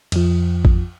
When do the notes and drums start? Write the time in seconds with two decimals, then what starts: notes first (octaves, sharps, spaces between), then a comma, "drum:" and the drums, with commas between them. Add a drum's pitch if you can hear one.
0.12 F2 F3, drum: cymbal
0.65 drum: kick A1